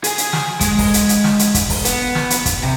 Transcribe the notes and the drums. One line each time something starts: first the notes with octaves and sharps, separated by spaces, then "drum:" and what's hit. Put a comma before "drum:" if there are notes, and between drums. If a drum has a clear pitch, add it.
G#4 G#5, drum: hi-hat
drum: hi-hat
drum: snare
G#3, drum: kick, hi-hat
drum: kick, open hi-hat
drum: hi-hat
drum: hi-hat
drum: snare
drum: hi-hat
drum: kick, hi-hat
drum: kick, open hi-hat
B3, drum: hi-hat
drum: snare
drum: hi-hat
drum: kick, hi-hat
C3